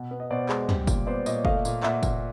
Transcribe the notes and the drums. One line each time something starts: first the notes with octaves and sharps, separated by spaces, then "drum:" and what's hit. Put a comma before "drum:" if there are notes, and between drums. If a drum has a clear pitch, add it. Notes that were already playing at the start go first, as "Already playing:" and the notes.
Already playing: B2
B3
D#5
B2 C5 D5
G#3, drum: clap
G3, drum: tom
A#2, drum: kick F#1, tambourine
B3 C5 D5
A#2 C#5 D#5, drum: tambourine
A3 D#5 F5, drum: kick F#1
A#2, drum: tambourine
A#2 E5 F#5, drum: clap
A#2, drum: kick F#1, tambourine